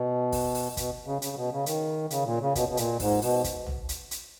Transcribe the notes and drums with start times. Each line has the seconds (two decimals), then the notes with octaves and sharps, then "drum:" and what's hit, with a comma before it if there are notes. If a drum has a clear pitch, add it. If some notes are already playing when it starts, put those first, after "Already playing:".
Already playing: B2
0.32 drum: kick, open hi-hat
0.55 drum: open hi-hat
0.77 B2, drum: kick, hi-hat
1.06 C#3
1.22 C#3, drum: hi-hat
1.36 B2
1.51 C#3
1.66 D#3, drum: hi-hat
2.10 C#3, drum: hi-hat
2.25 A#2
2.40 C#3
2.55 B2, drum: kick, hi-hat
2.69 B2
2.77 A#2, drum: hi-hat
3.00 G#2, drum: kick, open hi-hat
3.22 B2, drum: open hi-hat
3.44 drum: kick, hi-hat
3.66 drum: tom A#1
3.89 drum: hi-hat
4.11 drum: hi-hat